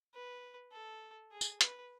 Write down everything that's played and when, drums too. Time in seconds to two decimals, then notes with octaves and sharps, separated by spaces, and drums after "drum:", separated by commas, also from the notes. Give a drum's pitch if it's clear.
0.14 B4
0.72 A4
1.31 G#4
1.41 drum: tambourine
1.61 B4, drum: hi-hat